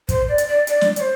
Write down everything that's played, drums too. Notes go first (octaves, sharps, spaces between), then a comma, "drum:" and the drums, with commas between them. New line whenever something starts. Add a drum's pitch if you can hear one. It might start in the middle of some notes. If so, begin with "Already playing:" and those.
C5, drum: kick, hi-hat
D5
drum: hi-hat
D5
D5, drum: hi-hat
drum: snare
D5, drum: hi-hat
C5